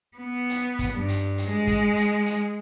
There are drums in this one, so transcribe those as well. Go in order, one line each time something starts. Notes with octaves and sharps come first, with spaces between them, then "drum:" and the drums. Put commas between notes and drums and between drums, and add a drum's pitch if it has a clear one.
B3
drum: hi-hat
drum: kick, hi-hat
G2
drum: hi-hat
drum: hi-hat
G#3
drum: kick, hi-hat
drum: hi-hat
drum: hi-hat